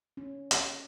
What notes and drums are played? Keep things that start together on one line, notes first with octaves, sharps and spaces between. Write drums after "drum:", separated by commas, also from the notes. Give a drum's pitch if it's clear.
C#4
drum: hi-hat